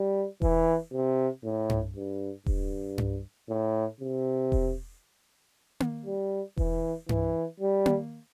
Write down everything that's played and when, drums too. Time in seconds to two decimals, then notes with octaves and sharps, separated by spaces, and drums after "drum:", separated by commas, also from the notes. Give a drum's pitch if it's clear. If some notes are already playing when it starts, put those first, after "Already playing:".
Already playing: G3
0.42 E3, drum: kick E1
0.92 C3
1.44 A2
1.70 drum: tom G2
1.95 G2
2.46 G2, drum: kick E1
2.98 drum: tom G2
3.49 A2
4.01 C3
4.52 drum: kick E1
5.80 drum: tom A#3
6.06 G3
6.57 E3, drum: kick E1
7.09 E3, drum: tom G2
7.60 G3
7.86 drum: tom A#3